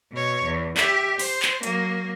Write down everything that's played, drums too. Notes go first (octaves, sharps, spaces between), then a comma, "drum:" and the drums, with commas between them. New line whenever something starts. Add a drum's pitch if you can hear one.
B2 C#5
E2
G4 E5, drum: clap
C5, drum: open hi-hat
drum: clap
F#3 A#3, drum: hi-hat